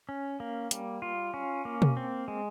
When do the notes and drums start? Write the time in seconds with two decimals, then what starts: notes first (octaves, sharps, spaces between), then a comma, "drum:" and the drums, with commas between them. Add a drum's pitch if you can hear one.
0.09 C#4
0.40 A#3
0.71 G3, drum: hi-hat
1.02 F4
1.34 C#4
1.65 A#3
1.82 drum: tom B2
1.97 C4
2.28 G#3